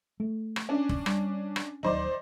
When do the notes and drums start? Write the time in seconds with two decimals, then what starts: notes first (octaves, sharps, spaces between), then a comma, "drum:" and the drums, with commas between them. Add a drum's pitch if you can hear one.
0.20 A3
0.56 drum: rim click
0.69 C#4 D4
0.89 drum: kick
1.06 G3, drum: rim click
1.56 drum: rim click
1.83 D1 D#2 F#3 D#4 C5 D5